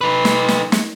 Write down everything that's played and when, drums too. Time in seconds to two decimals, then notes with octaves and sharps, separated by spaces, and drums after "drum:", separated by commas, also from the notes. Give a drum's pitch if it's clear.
0.01 D#4 B4
0.25 drum: snare
0.48 drum: snare
0.72 drum: snare